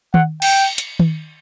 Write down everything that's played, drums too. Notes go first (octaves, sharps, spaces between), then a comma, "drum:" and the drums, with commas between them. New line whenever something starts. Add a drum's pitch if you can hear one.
F#5, drum: tom D#3
G5, drum: cymbal
drum: hi-hat
drum: tom D#3